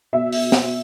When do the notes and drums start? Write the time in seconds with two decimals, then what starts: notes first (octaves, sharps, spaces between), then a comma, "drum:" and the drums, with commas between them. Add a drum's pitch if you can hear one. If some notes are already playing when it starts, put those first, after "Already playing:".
0.13 B2 E5
0.32 drum: open hi-hat
0.52 drum: snare